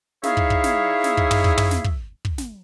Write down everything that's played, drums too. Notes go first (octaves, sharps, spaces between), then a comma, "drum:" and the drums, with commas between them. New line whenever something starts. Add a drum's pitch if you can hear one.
D#4 E4 G#4 C#5 E5 F5, drum: snare
drum: kick
drum: kick
drum: snare
drum: snare
drum: kick
drum: tom
drum: kick
drum: tom
drum: snare
drum: kick
drum: kick
drum: snare